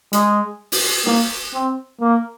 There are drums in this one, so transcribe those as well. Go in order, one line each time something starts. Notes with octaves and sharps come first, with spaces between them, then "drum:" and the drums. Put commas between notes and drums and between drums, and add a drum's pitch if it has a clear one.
G#3, drum: hi-hat
drum: open hi-hat
A#3, drum: snare
C4
A#3